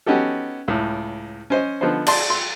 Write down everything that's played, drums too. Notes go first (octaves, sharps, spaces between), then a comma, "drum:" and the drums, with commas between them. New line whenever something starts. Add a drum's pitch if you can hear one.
B3 C#4 D#4 F#4 G4 A4
C#2 A2
C#4 C5 D#5
D3 F3 B3 D#4 C5
D5 A5 C6, drum: cymbal
C6